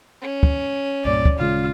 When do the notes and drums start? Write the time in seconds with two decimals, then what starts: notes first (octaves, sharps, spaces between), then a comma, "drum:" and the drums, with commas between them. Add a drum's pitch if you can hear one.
0.22 C#4
0.43 drum: kick
1.05 C2 G2 A#2 D5
1.25 drum: kick
1.39 D#1 C#3 G#3 F4